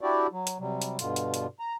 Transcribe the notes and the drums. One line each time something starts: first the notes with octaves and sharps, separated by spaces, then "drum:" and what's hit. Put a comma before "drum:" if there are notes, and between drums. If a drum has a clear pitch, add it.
D4 E4 F#4 G4 D5
F#3
drum: hi-hat
C3 F#3 G3
drum: hi-hat
G2 B2 D3 F4, drum: hi-hat
drum: hi-hat
drum: hi-hat
A#5